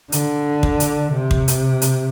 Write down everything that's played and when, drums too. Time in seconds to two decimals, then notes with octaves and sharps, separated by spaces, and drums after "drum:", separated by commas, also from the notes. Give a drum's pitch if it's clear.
0.12 D3, drum: hi-hat
0.63 drum: kick
0.80 drum: hi-hat
1.14 C3
1.31 drum: kick
1.48 drum: hi-hat
1.82 drum: hi-hat